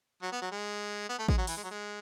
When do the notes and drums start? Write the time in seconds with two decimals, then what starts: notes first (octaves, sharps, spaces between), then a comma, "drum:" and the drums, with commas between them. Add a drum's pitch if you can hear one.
0.22 F#3
0.32 B3
0.42 F#3
0.51 G#3
1.09 B3
1.19 A3
1.28 G#3, drum: kick A1
1.38 F#3
1.47 E3, drum: open hi-hat
1.57 G#3
1.64 F#3
1.71 G#3